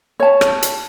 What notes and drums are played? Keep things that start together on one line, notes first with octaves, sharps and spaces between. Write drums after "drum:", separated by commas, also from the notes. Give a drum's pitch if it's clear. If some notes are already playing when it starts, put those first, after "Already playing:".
C#5 A5
drum: rim click
drum: hi-hat